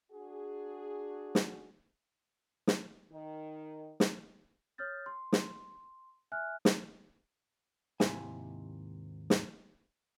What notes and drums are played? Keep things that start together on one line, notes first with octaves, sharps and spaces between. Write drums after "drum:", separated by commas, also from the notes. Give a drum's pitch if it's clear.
D4 F#4 G#4
drum: snare
drum: snare
D#3
drum: snare
C#5 D#6 F6 G6 A6
C6
drum: snare
E5 G#5 F6 F#6
drum: snare
D#2 G#2 C3 E4 E5 G#5, drum: snare
drum: snare